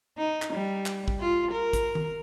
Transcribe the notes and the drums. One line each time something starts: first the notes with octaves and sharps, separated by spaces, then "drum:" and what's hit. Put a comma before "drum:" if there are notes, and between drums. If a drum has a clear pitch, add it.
D#4
drum: clap
G3
drum: clap
drum: kick
F4
A#4
drum: kick, hi-hat
drum: tom D#3